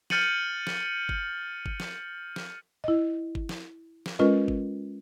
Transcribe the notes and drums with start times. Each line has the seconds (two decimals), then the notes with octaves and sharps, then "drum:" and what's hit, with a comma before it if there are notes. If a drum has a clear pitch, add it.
0.10 F6 G6 A6 C#7 D#7 F#7, drum: snare
0.67 drum: snare
1.09 drum: kick G1
1.66 drum: kick G1
1.80 drum: snare
2.36 drum: snare
2.84 E4 D#5
3.35 drum: kick G1
3.49 drum: snare
4.06 drum: snare
4.19 G#3 C#4 F4 A#4 B4 D#5
4.48 drum: kick G1